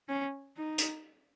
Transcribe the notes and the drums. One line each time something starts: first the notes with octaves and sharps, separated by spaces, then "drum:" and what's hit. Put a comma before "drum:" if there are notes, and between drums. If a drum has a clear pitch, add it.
C#4
D#4
drum: hi-hat